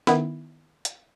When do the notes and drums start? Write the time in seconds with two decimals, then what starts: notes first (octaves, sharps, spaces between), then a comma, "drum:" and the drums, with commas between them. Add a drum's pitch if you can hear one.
0.07 D#3 B3 E4, drum: snare
0.85 drum: hi-hat